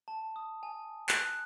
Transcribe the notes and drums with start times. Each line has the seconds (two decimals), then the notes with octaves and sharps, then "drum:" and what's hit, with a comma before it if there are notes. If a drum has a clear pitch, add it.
0.08 A5
0.36 D#6
0.63 G#5
1.09 F#6, drum: clap